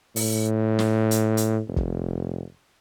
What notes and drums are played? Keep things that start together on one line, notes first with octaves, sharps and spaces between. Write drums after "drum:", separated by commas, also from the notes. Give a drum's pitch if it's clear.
A2, drum: open hi-hat
drum: snare
drum: hi-hat
drum: hi-hat
F1
drum: kick